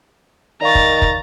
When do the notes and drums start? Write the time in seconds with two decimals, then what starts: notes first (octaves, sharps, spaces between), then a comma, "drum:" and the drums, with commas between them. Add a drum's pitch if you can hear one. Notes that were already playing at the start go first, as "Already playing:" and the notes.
0.62 D#3 D5 F5 A#5 C#6 A6
0.75 drum: kick
1.02 drum: kick